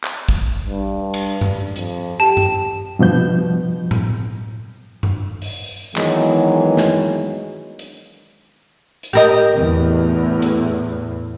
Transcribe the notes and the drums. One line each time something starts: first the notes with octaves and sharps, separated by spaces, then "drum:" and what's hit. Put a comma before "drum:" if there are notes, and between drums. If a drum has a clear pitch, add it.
drum: clap
drum: kick
G2
drum: cymbal
drum: tom G2
F2, drum: hi-hat
G4 A5
drum: tom G2
G2 B2 F3 G6
drum: tom A2
drum: tom G2
drum: open hi-hat
D#3 E3 F#3 G#3 B3, drum: clap
drum: snare
drum: hi-hat
drum: hi-hat
G4 A#4 D#5
E2 A2
drum: hi-hat